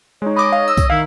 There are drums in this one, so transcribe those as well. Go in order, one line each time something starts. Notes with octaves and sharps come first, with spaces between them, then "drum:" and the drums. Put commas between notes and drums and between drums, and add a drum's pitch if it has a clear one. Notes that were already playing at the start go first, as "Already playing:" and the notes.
G#3 D#4 C#5
D#5 B5 D6
F5
E6
drum: kick B1, tambourine
D#3 E4 F5